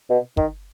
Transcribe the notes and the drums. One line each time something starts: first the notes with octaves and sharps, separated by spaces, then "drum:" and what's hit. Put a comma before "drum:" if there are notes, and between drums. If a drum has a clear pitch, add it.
B2
D#3, drum: kick